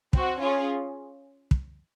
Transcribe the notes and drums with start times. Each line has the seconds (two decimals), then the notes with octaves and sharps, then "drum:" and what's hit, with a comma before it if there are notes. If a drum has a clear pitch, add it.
0.13 C4 F#4, drum: kick
0.40 C#4 F4 G#4
1.51 drum: kick